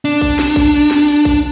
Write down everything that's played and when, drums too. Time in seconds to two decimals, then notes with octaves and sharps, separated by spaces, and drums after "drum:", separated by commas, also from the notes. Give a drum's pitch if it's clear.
0.05 D4
0.21 drum: kick A1
0.39 drum: snare
0.56 drum: kick A1
0.91 drum: snare
1.25 drum: kick A1